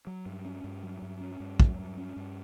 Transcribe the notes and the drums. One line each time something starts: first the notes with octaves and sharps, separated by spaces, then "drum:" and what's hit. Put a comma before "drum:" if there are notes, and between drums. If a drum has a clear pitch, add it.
F#3
G2
C#4
G2
F#3
G2
C#4
G2
F#3, drum: kick
G2
C#4
G2